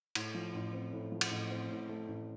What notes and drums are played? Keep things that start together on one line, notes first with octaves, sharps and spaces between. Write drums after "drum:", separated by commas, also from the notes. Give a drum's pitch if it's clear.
A2, drum: cymbal
F3
A1
C4
A2
F3
drum: cymbal
A1
C4
A2
A3
A1